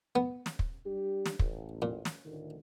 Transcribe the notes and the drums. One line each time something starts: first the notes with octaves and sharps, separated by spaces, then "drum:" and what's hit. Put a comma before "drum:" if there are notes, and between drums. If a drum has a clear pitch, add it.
B3
drum: snare
drum: kick
G3 D4 G4
drum: snare
A1, drum: kick
A#2
drum: snare
D2 A2 D#3